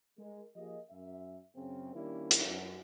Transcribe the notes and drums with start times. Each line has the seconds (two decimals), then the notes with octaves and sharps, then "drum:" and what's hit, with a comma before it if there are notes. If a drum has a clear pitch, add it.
0.19 G#3 A#4
0.56 F3 A#3 G4 G#4 D#5
0.90 F#2 E5
1.55 F#2 C#3 C4
1.94 D#3 G3 A#3 C#4 D4 E4
2.31 drum: hi-hat
2.46 F#2